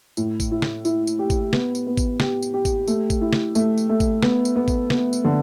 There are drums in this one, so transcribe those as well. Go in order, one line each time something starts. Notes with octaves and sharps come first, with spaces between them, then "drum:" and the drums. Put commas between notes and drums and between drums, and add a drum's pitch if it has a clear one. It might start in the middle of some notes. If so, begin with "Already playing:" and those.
A2, drum: tambourine
drum: kick G#1, tambourine
E4
drum: snare
E4, drum: tambourine
drum: tambourine
G4
drum: kick G#1, tambourine
B3, drum: snare
drum: tambourine
B3
drum: kick G#1, tambourine
G4, drum: snare
drum: tambourine
G4
drum: kick G#1, tambourine
A3, drum: tambourine
drum: kick G#1, tambourine
E4
drum: snare
A3, drum: tambourine
drum: tambourine
A3
drum: kick G#1, tambourine
B3, drum: snare
drum: tambourine
B3
drum: kick G#1, tambourine
B3, drum: snare
drum: tambourine
D3